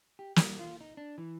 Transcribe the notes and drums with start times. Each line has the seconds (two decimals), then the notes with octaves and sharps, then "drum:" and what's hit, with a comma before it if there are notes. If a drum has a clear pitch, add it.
0.19 G4
0.36 G3, drum: snare
0.59 F4
0.81 D#4
0.97 D4
1.18 E3